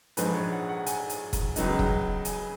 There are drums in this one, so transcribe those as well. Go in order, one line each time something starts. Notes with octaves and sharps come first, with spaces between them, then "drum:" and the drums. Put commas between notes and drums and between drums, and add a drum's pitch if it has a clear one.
A#1 G#2 F3 G#3 B4, drum: hi-hat
C#5
F#5
F#5
G#5, drum: hi-hat
drum: hi-hat
drum: kick E1, hi-hat
C#2 C#3 F#3 B3 D#4, drum: hi-hat
drum: kick E1
G#5, drum: hi-hat